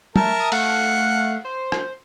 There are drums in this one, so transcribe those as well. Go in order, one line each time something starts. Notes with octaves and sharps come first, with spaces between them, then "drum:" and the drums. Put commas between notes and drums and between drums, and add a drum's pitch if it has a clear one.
A3 A#4 E5 A5, drum: tom
D#6
A3 F5 F#5, drum: cymbal
C5
drum: rim click